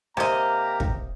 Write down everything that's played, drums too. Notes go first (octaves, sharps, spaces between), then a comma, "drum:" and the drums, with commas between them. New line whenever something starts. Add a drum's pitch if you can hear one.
C3 A#3 G4 D#5 A#5, drum: rim click
drum: kick